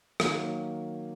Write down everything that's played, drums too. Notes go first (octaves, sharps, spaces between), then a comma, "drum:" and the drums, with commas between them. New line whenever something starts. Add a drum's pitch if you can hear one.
D#3 F#3 A#3, drum: rim click